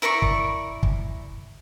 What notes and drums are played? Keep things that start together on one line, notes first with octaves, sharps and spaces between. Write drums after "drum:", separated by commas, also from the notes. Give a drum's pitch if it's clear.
E4 A#4 D5 C#6
drum: kick
drum: kick